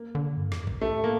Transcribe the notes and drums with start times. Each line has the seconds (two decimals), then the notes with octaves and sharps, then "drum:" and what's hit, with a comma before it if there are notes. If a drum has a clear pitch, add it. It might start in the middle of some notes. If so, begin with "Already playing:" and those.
Already playing: A#3
0.15 D3
0.37 G2
0.52 F2, drum: rim click
0.67 A2, drum: kick
0.81 A3
1.04 A#3